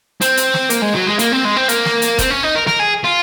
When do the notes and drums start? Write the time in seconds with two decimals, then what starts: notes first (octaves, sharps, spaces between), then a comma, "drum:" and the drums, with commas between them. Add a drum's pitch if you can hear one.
0.21 C4, drum: hi-hat
0.37 drum: hi-hat
0.54 drum: snare
0.70 A#3, drum: hi-hat
0.82 G#3
0.95 F#3
1.07 G#3
1.19 A#3, drum: hi-hat
1.32 C4
1.45 G#3
1.57 C4
1.69 A#3, drum: hi-hat
1.85 drum: snare
2.02 drum: hi-hat
2.19 C4, drum: kick E1, hi-hat
2.31 C#4
2.43 D#4
2.55 A#4
2.67 A#4, drum: snare
2.80 G#4
3.04 F4